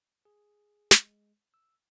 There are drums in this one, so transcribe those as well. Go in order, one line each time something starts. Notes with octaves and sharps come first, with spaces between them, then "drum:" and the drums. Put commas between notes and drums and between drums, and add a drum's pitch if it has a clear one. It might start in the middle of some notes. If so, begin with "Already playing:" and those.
G#4
G#3, drum: snare
E6